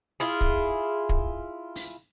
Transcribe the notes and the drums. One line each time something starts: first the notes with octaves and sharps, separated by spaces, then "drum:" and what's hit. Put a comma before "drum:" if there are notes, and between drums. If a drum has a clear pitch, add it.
E4 F4 G#4
drum: kick
drum: kick
drum: open hi-hat